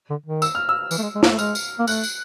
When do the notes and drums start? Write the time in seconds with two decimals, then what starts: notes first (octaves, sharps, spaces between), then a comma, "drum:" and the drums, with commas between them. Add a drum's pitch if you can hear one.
0.10 D3
0.26 D#3
0.42 E6, drum: tambourine
0.55 F6
0.69 E6
0.91 E3, drum: tambourine
0.98 A3
1.03 G#3
1.15 G#3
1.23 A#3, drum: snare
1.31 A3
1.38 G#3 F6, drum: tambourine
1.55 drum: tambourine
1.79 A#3
1.87 A3 F#6, drum: tambourine
2.04 drum: tambourine